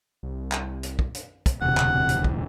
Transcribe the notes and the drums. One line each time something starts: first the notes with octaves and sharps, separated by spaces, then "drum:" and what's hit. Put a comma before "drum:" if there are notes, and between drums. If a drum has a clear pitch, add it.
C2
drum: clap
drum: hi-hat
drum: kick
drum: hi-hat
drum: kick, hi-hat
E1 D2 A2 C3 F#5
drum: clap
drum: hi-hat
drum: kick